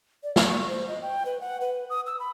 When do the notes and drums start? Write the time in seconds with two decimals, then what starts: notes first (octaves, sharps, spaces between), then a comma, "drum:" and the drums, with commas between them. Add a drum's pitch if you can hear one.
0.24 D5
0.36 F5, drum: snare
0.48 C#6
0.68 C5
0.88 D#5
1.02 G5
1.26 B4
1.41 F#5
1.61 B4
1.90 D#6
2.07 E6
2.20 B5